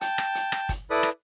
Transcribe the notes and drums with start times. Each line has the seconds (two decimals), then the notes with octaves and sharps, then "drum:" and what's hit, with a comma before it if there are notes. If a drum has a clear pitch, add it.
0.01 G5 A5, drum: hi-hat
0.18 drum: rim click
0.35 drum: hi-hat
0.52 drum: rim click
0.69 drum: kick, hi-hat
0.90 E4 A4 B4 D5 B5 D#6
1.03 drum: rim click